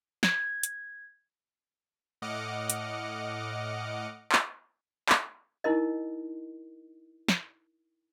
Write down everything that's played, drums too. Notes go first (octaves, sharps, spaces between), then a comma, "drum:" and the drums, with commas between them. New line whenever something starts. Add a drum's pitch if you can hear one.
G#6, drum: snare
drum: hi-hat
A2 D#5 F#5 D6 F6 C#7
drum: hi-hat
drum: clap
drum: clap
D#4 E4 A#4 D#5
drum: snare